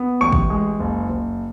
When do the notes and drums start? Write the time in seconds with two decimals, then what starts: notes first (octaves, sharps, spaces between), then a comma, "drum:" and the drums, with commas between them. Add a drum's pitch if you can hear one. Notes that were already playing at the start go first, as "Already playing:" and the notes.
Already playing: B3
0.21 A1 C#6
0.32 drum: kick
0.50 G#3
0.80 F#1
1.09 F#1